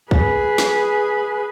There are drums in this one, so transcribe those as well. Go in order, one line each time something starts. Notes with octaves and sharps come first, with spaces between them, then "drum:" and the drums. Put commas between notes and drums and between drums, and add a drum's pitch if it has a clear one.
G#4 B4, drum: kick
drum: snare